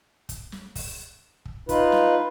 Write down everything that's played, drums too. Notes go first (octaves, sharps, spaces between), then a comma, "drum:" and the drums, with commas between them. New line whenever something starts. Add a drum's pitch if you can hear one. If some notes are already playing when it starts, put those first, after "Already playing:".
drum: kick, hi-hat
drum: snare
drum: kick, open hi-hat
drum: kick
D#4 F4 B4, drum: kick, hi-hat
drum: snare